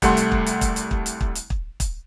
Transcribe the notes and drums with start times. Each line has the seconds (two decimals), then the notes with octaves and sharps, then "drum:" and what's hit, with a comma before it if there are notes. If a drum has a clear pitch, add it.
0.02 C2 G3 A3 F#5 C6, drum: kick, hi-hat
0.17 drum: hi-hat
0.32 drum: kick
0.46 drum: hi-hat
0.61 drum: kick, hi-hat
0.76 drum: hi-hat
0.91 drum: kick
1.06 drum: hi-hat
1.21 drum: kick
1.35 drum: hi-hat
1.50 drum: kick
1.80 drum: kick, hi-hat